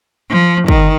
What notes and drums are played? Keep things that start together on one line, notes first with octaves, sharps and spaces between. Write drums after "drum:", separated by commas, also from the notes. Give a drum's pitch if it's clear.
F3
D#3, drum: kick